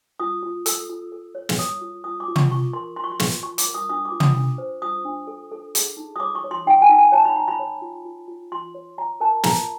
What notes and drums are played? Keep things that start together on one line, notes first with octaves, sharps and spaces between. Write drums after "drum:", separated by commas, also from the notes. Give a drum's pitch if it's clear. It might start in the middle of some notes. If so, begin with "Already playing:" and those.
F4 D#6
F4
A4 E6, drum: hi-hat
F4
A4
C#5
drum: snare
C#5 D#6
F4
F4 D#6
D6
F4
C#6, drum: tom
F4 C#6
A#4 C6
F4 C6
C#6
C6
F4 C#6, drum: snare
F4 C#6
D6, drum: hi-hat
A#4
D#6
D4 D#6
D6
F4
D#6, drum: tom
D4
C5
F4 D#6
D4
A4
A4
G#4, drum: hi-hat
D#4
D#6
C#5 D6
C#6
C#5
C6
D#4 G5
G#5
D#4
G#5
C#5 A5
B5
D#4 A#5
B5
C#5
F4
F4
F4
F4 C6
C#5
C#5 A#5
A#4 A5
F4 A#5, drum: snare